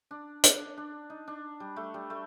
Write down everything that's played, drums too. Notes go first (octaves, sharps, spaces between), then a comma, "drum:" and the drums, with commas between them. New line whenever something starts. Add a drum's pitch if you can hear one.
D4
D4, drum: hi-hat
D4
D#4
D4
G3
A3
G3
A3